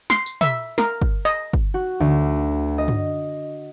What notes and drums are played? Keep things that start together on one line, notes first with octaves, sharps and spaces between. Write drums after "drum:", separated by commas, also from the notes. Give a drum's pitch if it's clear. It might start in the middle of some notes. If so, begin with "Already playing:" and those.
C6, drum: snare
drum: tambourine
E5, drum: tom
A#4, drum: snare
drum: kick
D#5
drum: kick
F#4
D2
D#5
drum: tom